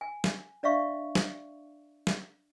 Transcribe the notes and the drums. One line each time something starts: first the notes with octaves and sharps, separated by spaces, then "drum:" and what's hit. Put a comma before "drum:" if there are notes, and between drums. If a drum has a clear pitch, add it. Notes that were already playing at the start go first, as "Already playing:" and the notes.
G#5
drum: snare
D4 D5 E5 F5 C#6
drum: snare
drum: snare